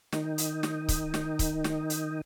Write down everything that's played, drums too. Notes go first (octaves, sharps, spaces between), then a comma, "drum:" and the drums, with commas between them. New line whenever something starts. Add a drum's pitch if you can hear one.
D#3 D#4, drum: snare
drum: hi-hat
drum: snare
drum: kick C#1, hi-hat
drum: snare
drum: kick C#1, hi-hat
drum: snare
drum: hi-hat